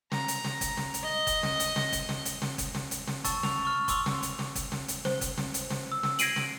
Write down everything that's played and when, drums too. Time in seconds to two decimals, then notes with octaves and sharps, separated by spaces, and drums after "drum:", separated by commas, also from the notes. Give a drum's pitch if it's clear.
0.12 A#5, drum: snare
0.28 drum: hi-hat
0.45 drum: snare
0.61 drum: kick F#1, hi-hat
0.77 drum: snare
0.94 drum: hi-hat
1.03 D#5
1.27 drum: kick F#1, hi-hat
1.43 drum: snare
1.60 drum: hi-hat
1.76 drum: snare
1.92 drum: kick F#1, hi-hat
2.09 drum: snare
2.25 drum: hi-hat
2.42 drum: snare
2.58 drum: kick F#1, hi-hat
2.75 drum: snare
2.91 drum: hi-hat
3.08 drum: snare
3.25 A5 C#6 E6 A6, drum: kick F#1, hi-hat
3.43 F7, drum: snare
3.65 C#6 F6
3.88 C6 D6 E6 F7 G7, drum: kick F#1, hi-hat
4.06 drum: snare
4.23 drum: hi-hat
4.39 drum: snare
4.55 drum: kick F#1, hi-hat
4.72 drum: snare
4.88 drum: hi-hat
5.05 C5, drum: snare
5.21 drum: kick F#1, hi-hat
5.38 drum: snare
5.54 drum: hi-hat
5.71 drum: snare
5.92 E6
6.03 drum: snare
6.19 G#6 A#6 C7 D7 D#7 F#7, drum: hi-hat
6.36 drum: snare